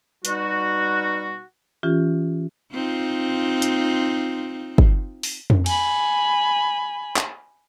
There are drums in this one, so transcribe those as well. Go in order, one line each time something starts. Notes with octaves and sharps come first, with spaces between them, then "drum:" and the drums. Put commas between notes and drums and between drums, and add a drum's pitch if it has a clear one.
B2 G3 D#4 F#4, drum: hi-hat
E3 C#4 F4 G4
C4 D#4 F4
drum: hi-hat
drum: kick G1
drum: open hi-hat
drum: tom F2
G#5 B5, drum: cymbal
drum: clap